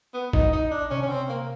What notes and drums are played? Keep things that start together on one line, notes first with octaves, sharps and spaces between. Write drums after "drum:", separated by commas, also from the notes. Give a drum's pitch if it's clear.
B3
D#4, drum: kick
D#4
D4
C3 C#4
C#4
C4
A#3